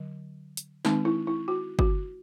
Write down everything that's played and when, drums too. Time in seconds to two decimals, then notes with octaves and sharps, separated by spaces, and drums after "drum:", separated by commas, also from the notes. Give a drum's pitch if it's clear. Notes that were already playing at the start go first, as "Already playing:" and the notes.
Already playing: D3 F#3
0.57 drum: hi-hat
0.85 D#3 G#3 C4 D#4, drum: snare
1.05 E4
1.27 E4
1.48 F#4
1.79 F#4, drum: kick G1